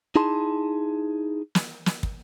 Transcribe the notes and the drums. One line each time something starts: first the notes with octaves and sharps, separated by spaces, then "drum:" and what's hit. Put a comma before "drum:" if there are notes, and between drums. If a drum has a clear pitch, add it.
D#4 E4 G#4 A5 C6
drum: snare
drum: snare
drum: kick